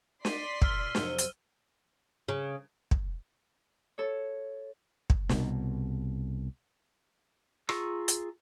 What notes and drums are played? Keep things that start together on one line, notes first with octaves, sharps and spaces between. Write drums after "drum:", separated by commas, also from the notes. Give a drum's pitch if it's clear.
D5 C6 B6 D#7, drum: snare
A#2 E6 F6 G7, drum: kick
F2 C3 F#3, drum: snare
drum: hi-hat
C#3
drum: kick
A4 C#5
drum: kick
C2 B2, drum: snare
F4 G#4 A#5 C#6 E6, drum: rim click
drum: hi-hat